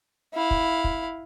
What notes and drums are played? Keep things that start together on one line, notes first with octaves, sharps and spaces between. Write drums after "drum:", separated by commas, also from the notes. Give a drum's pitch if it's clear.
E4 F5
drum: kick
drum: kick